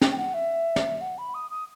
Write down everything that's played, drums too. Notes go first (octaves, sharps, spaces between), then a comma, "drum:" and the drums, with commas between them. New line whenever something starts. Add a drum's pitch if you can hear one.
G5, drum: snare
G5
F#5
E5
drum: snare
F#5
B5
D#6
D#6